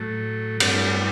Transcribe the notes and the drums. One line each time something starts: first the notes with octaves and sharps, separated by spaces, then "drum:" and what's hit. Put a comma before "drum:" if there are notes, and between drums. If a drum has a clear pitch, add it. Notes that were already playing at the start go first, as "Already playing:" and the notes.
Already playing: A2 F#3 A3
G2 F#3 A3 B4, drum: cymbal